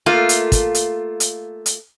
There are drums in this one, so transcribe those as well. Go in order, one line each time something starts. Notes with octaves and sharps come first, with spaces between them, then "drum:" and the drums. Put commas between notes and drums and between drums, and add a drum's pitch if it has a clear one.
A3 A#3 F4
drum: hi-hat
drum: kick, hi-hat
drum: hi-hat
drum: hi-hat
drum: hi-hat